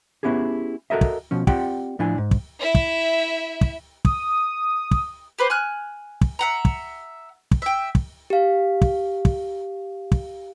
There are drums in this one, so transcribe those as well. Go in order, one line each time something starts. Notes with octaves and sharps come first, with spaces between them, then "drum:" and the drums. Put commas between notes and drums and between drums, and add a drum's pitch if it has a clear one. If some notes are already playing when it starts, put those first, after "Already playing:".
B3 C#4 E4 G4 G#4
F#4 G4 A4 A#4 D#5 E5
drum: kick
B2 F3 C#4
C4 F4 G4 D5 F#5 G5, drum: kick
A2 F3 D4 E4 G#5
G#2
drum: kick
E4 E5
drum: kick
drum: kick
D#6, drum: kick
drum: kick
G4 B4 C5
G#5 F6 F#6
drum: kick
E5 F#5 A#5
drum: kick
drum: kick
E5 G5
drum: kick
G4 F5
drum: kick
drum: kick
drum: kick